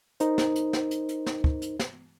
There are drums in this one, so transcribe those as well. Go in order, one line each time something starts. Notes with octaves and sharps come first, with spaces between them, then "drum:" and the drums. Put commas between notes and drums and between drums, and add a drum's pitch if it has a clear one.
D#4 A#4 C5, drum: hi-hat
drum: snare
drum: hi-hat
drum: snare
drum: hi-hat
drum: hi-hat
drum: snare
drum: kick
drum: hi-hat
drum: snare